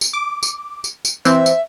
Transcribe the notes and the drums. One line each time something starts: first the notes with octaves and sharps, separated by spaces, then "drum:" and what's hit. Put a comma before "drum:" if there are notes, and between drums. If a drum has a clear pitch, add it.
drum: tambourine
D6
drum: tambourine
drum: tambourine
drum: tambourine
E3 C4 E5, drum: tambourine
drum: tambourine